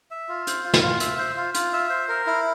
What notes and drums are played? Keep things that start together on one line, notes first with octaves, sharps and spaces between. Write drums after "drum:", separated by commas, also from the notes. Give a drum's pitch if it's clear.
E5
F4
C5, drum: hi-hat
F4
drum: snare
F4
E5, drum: hi-hat
C5
F4
F4, drum: hi-hat
E5
C5
A#4
E4